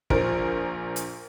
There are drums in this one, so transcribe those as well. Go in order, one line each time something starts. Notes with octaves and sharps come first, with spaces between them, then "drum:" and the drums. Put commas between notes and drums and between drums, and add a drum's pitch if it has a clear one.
A#1 F3 A#4 D7, drum: kick
drum: hi-hat